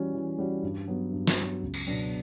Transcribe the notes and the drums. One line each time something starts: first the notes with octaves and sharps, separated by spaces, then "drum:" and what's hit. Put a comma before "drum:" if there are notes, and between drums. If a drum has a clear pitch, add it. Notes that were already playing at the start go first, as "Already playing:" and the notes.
Already playing: E3 G3 C#4 F#4
E3
G3 C#4 F#4
G2
F#3 B3
G2
drum: snare
F#3 B3
C#2
drum: cymbal
B2 F#3 B3 D4